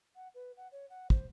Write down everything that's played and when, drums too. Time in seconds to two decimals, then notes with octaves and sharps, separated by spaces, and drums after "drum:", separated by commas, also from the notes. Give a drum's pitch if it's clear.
0.16 F#5
0.35 B4
0.57 F#5
0.72 C#5
0.90 F#5
1.10 C5, drum: kick